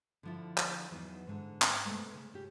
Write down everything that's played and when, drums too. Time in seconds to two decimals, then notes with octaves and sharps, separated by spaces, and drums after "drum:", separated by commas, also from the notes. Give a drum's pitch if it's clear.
0.23 D3 F3 E4
0.57 drum: clap
0.91 E2 E3 F#3 D#4
1.27 G#2 D3
1.62 drum: clap
1.85 C3 E3 G#3 A3 B3
2.15 C#3
2.34 C#3 G4